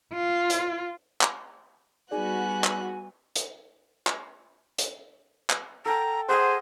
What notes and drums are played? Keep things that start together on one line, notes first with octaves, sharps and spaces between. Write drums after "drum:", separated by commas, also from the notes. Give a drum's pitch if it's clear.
F4
drum: hi-hat
drum: clap
G3 B3 D#4 F#4 G#4 D5 G#5 F#6
drum: clap
drum: hi-hat
drum: clap
drum: hi-hat
drum: clap
A4 G5 A5 A#5
G#4 C5 D#5 E5 F#5